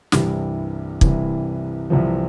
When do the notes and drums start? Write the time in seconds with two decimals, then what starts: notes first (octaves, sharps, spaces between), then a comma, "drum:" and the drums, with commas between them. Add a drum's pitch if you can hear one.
0.12 C2 G2 C3 E3 G3, drum: snare
1.01 C2 C3 E3, drum: kick
1.90 C2 C3 E3 F3